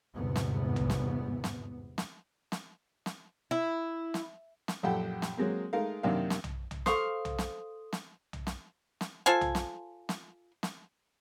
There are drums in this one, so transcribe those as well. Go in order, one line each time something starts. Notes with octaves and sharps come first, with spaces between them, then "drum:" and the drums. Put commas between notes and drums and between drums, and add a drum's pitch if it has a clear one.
G1 E2 G#2 C3 B3
drum: snare
drum: tom B1
drum: snare
drum: snare
drum: snare
drum: snare
drum: snare
E4
drum: snare
drum: snare
A#1 F#2 G4 A4 F#5 G5
drum: snare
F#3 G#3 A#3 C4
G#3 A3 D#4 A#4 F5
F#2 C3 D#3 A#3 D4 F5
drum: snare
drum: tom B1
drum: tom B1
A4 C5 F5 C#6 D#6, drum: snare
drum: tom B1
drum: snare
drum: snare
drum: tom B1
drum: snare
drum: snare
F4 A4 C5 G#5
drum: tom B1
drum: snare
drum: snare
drum: snare